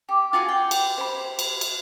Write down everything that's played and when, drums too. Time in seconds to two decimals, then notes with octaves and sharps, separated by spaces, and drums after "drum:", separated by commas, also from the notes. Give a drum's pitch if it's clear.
0.09 G4
0.33 F4 F#4 G#4 G#5
0.49 G5
0.71 drum: cymbal
0.98 C5 B5
1.39 drum: cymbal
1.61 drum: cymbal